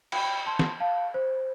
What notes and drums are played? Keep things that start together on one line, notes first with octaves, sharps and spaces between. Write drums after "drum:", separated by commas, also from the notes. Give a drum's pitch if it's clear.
G5 B5, drum: cymbal
A5 C6
drum: snare
F5 A5
C5